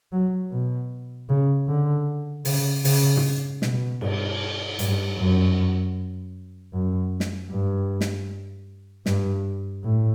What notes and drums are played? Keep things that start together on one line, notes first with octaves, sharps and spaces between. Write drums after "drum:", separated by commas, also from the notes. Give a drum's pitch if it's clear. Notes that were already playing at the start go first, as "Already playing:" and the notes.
F#3
B2
C#3
D3
C#3, drum: open hi-hat
C#3, drum: open hi-hat
drum: tom
B2, drum: snare
G2, drum: cymbal
G2, drum: hi-hat
F#2
F#2
drum: snare
G2
drum: snare
G2, drum: snare
A2